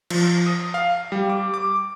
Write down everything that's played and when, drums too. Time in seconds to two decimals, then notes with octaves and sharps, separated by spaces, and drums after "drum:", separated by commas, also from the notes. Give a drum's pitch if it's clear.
0.10 F3, drum: cymbal
0.46 D#6
0.74 F5
1.12 G3
1.30 D6
1.54 D6